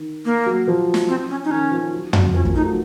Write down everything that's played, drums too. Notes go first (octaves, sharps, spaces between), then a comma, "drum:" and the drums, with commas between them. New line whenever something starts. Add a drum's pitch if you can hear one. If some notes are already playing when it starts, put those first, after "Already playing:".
Already playing: D#3
A#3
F#3
F3
drum: snare
C4
C#4
D#4
D#3 C#4
F3
F#3
F#3, drum: tom
F3 C#4
A#3, drum: kick
A3 D#4
F#3